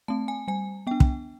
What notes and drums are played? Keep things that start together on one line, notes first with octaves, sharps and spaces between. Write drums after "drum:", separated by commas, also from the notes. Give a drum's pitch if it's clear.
A3 C4 A5
G#5
G3 G#5
B3 D4 G5
drum: kick